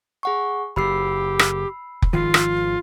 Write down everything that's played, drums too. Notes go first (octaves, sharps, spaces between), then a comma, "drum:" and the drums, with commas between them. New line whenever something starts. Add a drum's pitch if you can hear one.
G#4 F#5 C#6
F#1 G4 B5 E6 C7
drum: rim click
drum: kick F1
G#1 D#3 F3 F4
drum: rim click